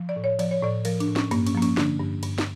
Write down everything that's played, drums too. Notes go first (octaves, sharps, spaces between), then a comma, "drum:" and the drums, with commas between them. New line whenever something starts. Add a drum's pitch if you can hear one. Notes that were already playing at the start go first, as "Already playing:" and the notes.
Already playing: F3
D5
A2
C#5
F3 D5, drum: cymbal
C#5
A2 D5
F3 A#4, drum: cymbal
D4, drum: cymbal
A2
C#4, drum: snare
G2 A#3, drum: cymbal
C#4, drum: cymbal
F3 A#3
C#4, drum: cymbal
D3 D4, drum: snare
G2
G2, drum: cymbal
drum: snare